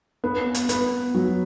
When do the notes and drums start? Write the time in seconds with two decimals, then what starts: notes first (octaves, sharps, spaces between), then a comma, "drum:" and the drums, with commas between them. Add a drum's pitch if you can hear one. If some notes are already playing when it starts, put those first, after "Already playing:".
0.24 B3
0.55 drum: hi-hat
0.69 B3, drum: hi-hat
1.14 F#3